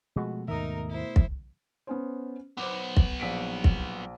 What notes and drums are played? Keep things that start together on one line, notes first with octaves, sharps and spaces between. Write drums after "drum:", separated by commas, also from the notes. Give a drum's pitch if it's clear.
B2 F3 G#3 A3 F#4
D#2 G#2 D#3 D#4 A#4 E5 D#6
E4 C5
drum: kick
B3 C#4 C5
B1 B3 C5 D6
drum: kick
A#1 B6 D7
drum: kick